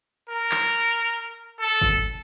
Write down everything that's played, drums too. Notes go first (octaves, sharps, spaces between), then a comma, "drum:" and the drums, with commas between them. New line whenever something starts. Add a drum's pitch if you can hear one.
A#4
drum: clap
A4
drum: kick G1